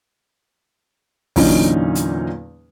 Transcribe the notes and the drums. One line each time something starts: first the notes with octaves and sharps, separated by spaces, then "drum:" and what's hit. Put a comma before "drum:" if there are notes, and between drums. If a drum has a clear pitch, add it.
E2 A#2 D3 F#3 C#4 D#4, drum: kick, open hi-hat
drum: hi-hat